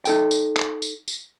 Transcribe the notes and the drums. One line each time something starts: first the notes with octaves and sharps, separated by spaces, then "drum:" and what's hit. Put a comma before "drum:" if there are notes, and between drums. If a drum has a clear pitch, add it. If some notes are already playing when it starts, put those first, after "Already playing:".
D#4 A4 G5, drum: tambourine
drum: tambourine
drum: clap
drum: tambourine
drum: tambourine